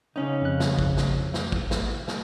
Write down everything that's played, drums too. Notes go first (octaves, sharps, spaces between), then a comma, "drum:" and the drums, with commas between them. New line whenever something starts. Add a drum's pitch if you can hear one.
C#3 C#4 D#4
F2 F#6
drum: snare
drum: kick
drum: snare
drum: snare
drum: kick
drum: snare
drum: snare